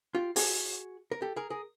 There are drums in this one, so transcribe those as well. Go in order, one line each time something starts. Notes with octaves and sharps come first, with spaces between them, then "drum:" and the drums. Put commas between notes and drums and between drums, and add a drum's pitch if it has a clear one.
F4 G4
F#4 G#4, drum: open hi-hat
A#4
G4 A4
G#4 A#4
G#4 A#4